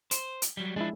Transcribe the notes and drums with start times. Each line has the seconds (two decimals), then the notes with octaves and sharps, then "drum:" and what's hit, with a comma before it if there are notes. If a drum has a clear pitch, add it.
0.11 C5, drum: hi-hat
0.42 drum: hi-hat
0.57 F#3 G3
0.76 F3 G#3 D4 E4